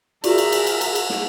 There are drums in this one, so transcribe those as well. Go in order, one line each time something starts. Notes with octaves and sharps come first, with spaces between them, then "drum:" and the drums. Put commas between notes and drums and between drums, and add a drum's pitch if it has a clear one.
F4 F#4 G#4 A#4 D5 E5, drum: cymbal
drum: cymbal
drum: cymbal
drum: cymbal
drum: cymbal
drum: cymbal
drum: snare